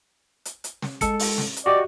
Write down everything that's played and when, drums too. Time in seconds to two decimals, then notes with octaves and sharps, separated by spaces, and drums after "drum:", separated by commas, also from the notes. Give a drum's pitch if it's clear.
0.45 drum: hi-hat
0.64 drum: hi-hat
0.82 drum: snare
1.01 G#3 A4 C#7, drum: kick, hi-hat
1.19 drum: open hi-hat
1.38 drum: snare
1.56 drum: hi-hat
1.66 F#4 G4 D5 D#5